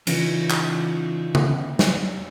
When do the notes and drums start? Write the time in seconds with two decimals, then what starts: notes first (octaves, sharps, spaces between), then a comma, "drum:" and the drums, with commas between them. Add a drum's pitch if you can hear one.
0.07 C#3 E3 C#4 D#4 F4, drum: cymbal
0.50 drum: clap
1.35 drum: tom C#3
1.79 drum: snare